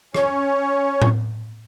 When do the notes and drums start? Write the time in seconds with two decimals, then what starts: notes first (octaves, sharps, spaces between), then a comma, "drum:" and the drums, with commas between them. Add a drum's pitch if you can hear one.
0.14 C#4 C#5, drum: rim click
1.02 drum: tom A2